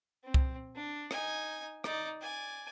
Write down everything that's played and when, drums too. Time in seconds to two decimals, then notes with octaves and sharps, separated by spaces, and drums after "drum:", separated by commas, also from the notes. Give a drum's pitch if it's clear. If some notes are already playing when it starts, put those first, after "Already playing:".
0.24 C4
0.34 drum: kick C2
0.76 D4
1.11 D#4 G#5, drum: rim click
1.84 D#4 D5, drum: rim click
2.21 D5 G#5